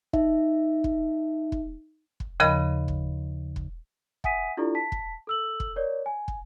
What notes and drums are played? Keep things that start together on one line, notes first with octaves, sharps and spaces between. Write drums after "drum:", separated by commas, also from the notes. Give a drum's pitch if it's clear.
D#4 E5, drum: kick
drum: kick
drum: kick
drum: kick
D#2 C#3 F3 A#4 D#5 B5
drum: kick
drum: kick
E5 F#5 G#5 D#6 B6 D#7, drum: kick
D4 E4 F4 G4 A4 D5
A5 B6
drum: kick
A4 E6 F#7
drum: kick
A#4 C#5 D5
G#5
drum: kick